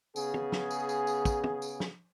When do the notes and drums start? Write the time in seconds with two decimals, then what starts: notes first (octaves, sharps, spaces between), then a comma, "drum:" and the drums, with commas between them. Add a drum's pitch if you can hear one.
0.16 C#3 B3 G#4, drum: tambourine
0.34 drum: tom
0.52 drum: snare
0.71 drum: tambourine
0.89 drum: tambourine
1.07 drum: tambourine
1.25 drum: kick, tambourine
1.44 drum: tom
1.62 drum: tambourine
1.80 drum: snare